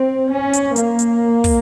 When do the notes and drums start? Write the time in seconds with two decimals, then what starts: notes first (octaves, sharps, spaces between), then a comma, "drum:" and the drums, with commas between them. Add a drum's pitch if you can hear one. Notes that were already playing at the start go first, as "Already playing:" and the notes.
Already playing: C4
0.31 C#4
0.53 drum: hi-hat
0.76 A#3, drum: hi-hat
0.99 drum: hi-hat
1.44 drum: kick, open hi-hat